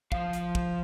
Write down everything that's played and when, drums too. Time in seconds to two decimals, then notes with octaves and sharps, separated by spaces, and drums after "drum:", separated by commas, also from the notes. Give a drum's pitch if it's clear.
0.12 F3 F5, drum: kick
0.33 drum: hi-hat
0.55 drum: kick